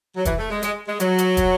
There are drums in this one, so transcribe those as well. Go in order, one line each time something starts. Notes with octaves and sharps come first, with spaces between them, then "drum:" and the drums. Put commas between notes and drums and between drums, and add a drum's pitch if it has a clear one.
F#3
E3, drum: kick, hi-hat
A3
G#3
G#3, drum: hi-hat
G#3
F#3, drum: hi-hat
drum: hi-hat
drum: kick, hi-hat